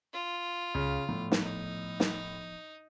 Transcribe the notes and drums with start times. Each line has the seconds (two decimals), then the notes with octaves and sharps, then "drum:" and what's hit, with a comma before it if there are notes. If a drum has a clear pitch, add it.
0.13 F4
0.75 C#2 C#3
1.09 A2 F3 B3
1.32 drum: snare
1.41 D#4
2.00 drum: snare